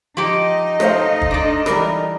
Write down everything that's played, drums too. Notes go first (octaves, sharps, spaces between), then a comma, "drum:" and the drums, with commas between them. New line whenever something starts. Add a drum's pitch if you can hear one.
F3 D#4 G4 D#5
A3 C5 F5, drum: rim click
drum: kick
D4 A4
E3 G3 A4 A#4 B5, drum: rim click